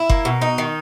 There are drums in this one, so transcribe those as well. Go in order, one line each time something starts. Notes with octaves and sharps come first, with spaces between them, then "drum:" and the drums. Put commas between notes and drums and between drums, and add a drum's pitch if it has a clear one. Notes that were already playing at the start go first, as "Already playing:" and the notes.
Already playing: E4
A#3, drum: kick F#1
B2
D#4
D#3